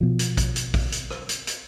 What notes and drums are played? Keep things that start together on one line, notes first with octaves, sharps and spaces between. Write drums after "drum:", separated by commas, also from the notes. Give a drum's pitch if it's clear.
B2 F3
drum: hi-hat
drum: kick, hi-hat
drum: hi-hat
drum: kick, open hi-hat
drum: hi-hat
drum: rim click
drum: hi-hat
drum: hi-hat